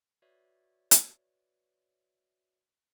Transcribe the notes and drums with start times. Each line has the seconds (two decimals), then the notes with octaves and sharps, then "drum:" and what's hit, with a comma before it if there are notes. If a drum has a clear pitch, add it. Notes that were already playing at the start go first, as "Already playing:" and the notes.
0.22 F#4 B4 C#5 D5 E5
0.91 drum: hi-hat